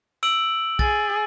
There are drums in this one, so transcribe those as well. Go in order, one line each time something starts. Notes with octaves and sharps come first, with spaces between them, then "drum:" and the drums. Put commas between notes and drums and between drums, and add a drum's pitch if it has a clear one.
E6 D7 F#7
G#4 A6, drum: kick